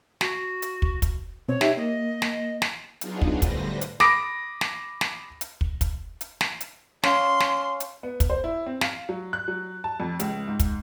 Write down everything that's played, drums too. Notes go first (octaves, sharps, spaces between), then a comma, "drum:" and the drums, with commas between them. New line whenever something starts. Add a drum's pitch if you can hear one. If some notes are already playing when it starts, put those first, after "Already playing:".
F#4, drum: snare
drum: hi-hat
drum: kick
drum: kick, hi-hat
B2 C4 C#5
D#4 G4 E5, drum: snare
A#3 D#5
drum: snare
drum: snare
F#3 B3 D4 D#4 F4 G#4, drum: hi-hat
drum: kick
A2 D3 G3 B4 C5 A#6, drum: kick, hi-hat
drum: hi-hat
B5 D6 D#6 A#6 D7, drum: snare
drum: snare
drum: snare
drum: hi-hat
drum: kick
drum: kick, hi-hat
drum: hi-hat
drum: snare
drum: hi-hat
C#4 F5 C6, drum: snare
drum: snare
drum: hi-hat
B3
drum: kick, hi-hat
C5
E4
C4
F5, drum: snare
F#3
F#6
F#3
A5
F2
C#2, drum: hi-hat
G#2
drum: kick, hi-hat